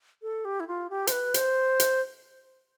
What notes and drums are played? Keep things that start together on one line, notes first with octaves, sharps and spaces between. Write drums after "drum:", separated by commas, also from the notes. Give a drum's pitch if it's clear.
A4
G4
E4
F4
G4
C5, drum: hi-hat
B4
C5, drum: hi-hat
drum: hi-hat